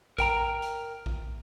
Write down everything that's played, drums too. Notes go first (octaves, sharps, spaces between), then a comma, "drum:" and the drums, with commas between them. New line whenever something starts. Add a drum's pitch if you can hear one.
A#4 G5 A#5, drum: kick A#1, hi-hat
drum: hi-hat
drum: kick A#1